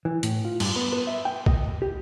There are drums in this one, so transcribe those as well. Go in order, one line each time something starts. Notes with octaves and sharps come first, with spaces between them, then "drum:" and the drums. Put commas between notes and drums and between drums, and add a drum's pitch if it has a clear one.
E3
A2, drum: hi-hat
F4
G2, drum: cymbal
B3
B4
E5
G5
D#5, drum: kick A#1
G4